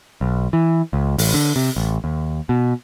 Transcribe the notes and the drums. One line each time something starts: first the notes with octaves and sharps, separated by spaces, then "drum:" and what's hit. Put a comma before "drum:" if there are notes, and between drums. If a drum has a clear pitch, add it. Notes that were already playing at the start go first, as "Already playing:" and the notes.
B1
E3
C#2
A1, drum: open hi-hat
D3
C3
A1
D#2
B2